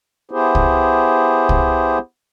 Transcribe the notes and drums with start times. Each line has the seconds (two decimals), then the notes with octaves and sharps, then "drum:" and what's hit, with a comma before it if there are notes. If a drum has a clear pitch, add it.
0.31 B3 E4 G4 G#4 C5
0.55 drum: kick C2
1.49 drum: kick C2